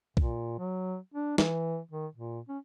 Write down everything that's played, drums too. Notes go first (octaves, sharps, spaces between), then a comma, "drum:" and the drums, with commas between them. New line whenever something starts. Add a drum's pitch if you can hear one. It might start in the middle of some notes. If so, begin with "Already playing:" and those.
A#2, drum: kick B1
F#3
D4
E3, drum: snare
D#3
A#2
C#4